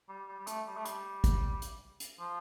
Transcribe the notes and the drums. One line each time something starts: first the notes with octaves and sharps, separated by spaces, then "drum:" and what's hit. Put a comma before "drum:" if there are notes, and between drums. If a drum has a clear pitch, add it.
G3
G3
G3
A3, drum: hi-hat
G3
A3
G3, drum: hi-hat
drum: kick, hi-hat
drum: hi-hat
drum: hi-hat
F3